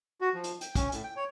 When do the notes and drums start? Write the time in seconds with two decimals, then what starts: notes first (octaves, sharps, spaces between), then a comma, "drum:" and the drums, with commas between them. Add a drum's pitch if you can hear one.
0.21 F#4
0.34 F3
0.44 drum: hi-hat
0.61 G5, drum: hi-hat
0.75 C#4, drum: kick, hi-hat
0.92 A2, drum: hi-hat
1.04 G5
1.16 C#5